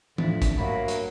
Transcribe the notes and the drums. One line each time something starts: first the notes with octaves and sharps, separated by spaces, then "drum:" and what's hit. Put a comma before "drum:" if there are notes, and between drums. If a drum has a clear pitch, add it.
F2 A2 D4 E4, drum: tom E3
drum: kick, hi-hat
G2 F#3 A#3 E5 B5
drum: hi-hat